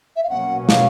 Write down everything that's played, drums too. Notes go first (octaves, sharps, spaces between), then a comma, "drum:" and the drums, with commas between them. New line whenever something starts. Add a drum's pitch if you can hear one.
E5
F5
B2 F#3 A#3 C#4 F#5
F5, drum: snare